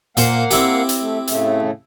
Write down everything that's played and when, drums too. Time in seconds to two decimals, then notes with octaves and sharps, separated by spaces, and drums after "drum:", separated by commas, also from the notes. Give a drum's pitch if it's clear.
0.17 A#2 A#3 C5 F5 F#5, drum: hi-hat
0.51 C4 E4 G4, drum: hi-hat
0.89 drum: hi-hat
1.01 A3
1.27 A2 C#3 A3, drum: hi-hat